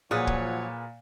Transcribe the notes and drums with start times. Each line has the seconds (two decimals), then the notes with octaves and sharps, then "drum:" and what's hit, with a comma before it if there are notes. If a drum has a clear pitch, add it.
0.11 A#2 F3 F#3 G#4 B4 C#5 F#5
0.27 drum: kick